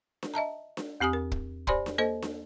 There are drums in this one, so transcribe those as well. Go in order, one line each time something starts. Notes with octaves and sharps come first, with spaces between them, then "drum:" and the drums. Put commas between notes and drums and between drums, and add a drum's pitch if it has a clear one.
drum: snare D4
D#5 E5 A5 A#5
drum: snare D4
E2 C4 G4 G#5 D#6
A#4
drum: kick
G4 C5 D5 G#5 B5 C6, drum: kick
drum: snare D4
A#3 A4 C5 D#5
drum: snare D4